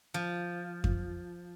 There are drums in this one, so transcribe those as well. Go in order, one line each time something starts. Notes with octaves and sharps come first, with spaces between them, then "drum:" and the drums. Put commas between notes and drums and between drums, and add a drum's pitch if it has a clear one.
F3
drum: kick F2